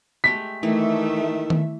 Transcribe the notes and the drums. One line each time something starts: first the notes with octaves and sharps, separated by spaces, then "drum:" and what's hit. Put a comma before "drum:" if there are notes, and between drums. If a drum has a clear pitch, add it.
G#3 A3 G4 B6
D#3 E3 A3 E4 E5
drum: tom D#3